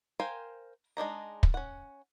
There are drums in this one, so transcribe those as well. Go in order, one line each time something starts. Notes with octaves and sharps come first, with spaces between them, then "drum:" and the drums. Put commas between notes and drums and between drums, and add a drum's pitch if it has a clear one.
A#4 C5 F5 G5 G#5
G#3 D4 D#4 A#5
drum: kick
C#4 F#5